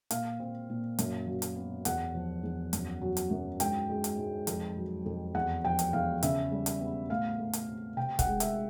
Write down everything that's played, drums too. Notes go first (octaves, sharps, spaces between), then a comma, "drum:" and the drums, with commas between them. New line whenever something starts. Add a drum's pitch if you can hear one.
A#2 F5, drum: hi-hat
C4
A#2
F#2, drum: hi-hat
F#3
drum: hi-hat
B3
E2 F#5, drum: hi-hat
F3
E2
F#2, drum: hi-hat
F#3
drum: hi-hat
F#2
G#2 G5, drum: hi-hat
G#3
drum: hi-hat
G#2
F2, drum: hi-hat
F#3
F2
E2 F#5
F3 G5
drum: hi-hat
E2 F5
C#3 E5, drum: hi-hat
G3
drum: hi-hat
B3
A2 F5
A3
drum: hi-hat
C4
C3 G5
F#5, drum: kick, hi-hat
G#3
E5, drum: hi-hat